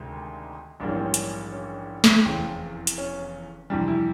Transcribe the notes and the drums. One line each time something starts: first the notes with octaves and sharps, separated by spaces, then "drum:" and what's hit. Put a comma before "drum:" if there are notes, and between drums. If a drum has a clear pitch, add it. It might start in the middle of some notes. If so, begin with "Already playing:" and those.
Already playing: D2 C3 D#3 G#3
A#1 G#2 E3 G3 A#3 D4
C#4
C4
C#4
drum: hi-hat
C#4
drum: snare
F1 E2 C#3 C4
drum: hi-hat
C#4
F2 C3 E3 G3 D4
E4